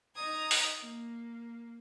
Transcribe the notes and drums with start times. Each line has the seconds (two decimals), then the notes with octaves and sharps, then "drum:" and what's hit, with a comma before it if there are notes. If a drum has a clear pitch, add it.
0.15 D#4 A#5 D#6 G#6
0.51 drum: open hi-hat
0.81 A#3